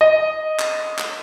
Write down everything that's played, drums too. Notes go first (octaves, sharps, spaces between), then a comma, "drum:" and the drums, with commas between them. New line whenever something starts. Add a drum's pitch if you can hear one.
D#5
drum: clap
drum: clap